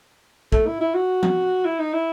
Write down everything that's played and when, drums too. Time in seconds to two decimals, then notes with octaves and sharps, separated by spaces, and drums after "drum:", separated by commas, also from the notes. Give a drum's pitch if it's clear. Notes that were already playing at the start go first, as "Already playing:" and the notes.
0.52 A3, drum: kick
0.67 E4
0.81 E4
0.95 F#4
1.23 drum: tom
1.65 E4
1.79 D#4
1.93 E4